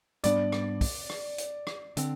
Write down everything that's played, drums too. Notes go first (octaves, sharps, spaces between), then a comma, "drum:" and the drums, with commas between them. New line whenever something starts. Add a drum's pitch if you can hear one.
G#2 G3 B3 D4 D5, drum: hi-hat
drum: rim click
drum: kick, open hi-hat
drum: rim click
drum: hi-hat
drum: rim click
D3 G#3 C4, drum: hi-hat